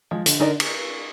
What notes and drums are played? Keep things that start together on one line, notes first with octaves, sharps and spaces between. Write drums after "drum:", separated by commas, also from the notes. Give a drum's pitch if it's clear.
F3 G#3
D3, drum: hi-hat
D3 D#4 A#4 D5
drum: cymbal